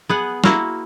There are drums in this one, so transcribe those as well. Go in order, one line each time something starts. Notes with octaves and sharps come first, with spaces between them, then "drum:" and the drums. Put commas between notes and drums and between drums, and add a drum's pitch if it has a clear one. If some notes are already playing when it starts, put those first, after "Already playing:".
B3 G#4 F#5
A#3 E4 F#4 F5, drum: snare